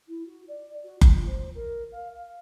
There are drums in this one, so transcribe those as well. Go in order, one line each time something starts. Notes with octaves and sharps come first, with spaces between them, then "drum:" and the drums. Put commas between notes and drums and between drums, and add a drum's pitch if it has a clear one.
E4
F#4
D5
F#4
F4, drum: kick F#1
C5
A#4
F5
F5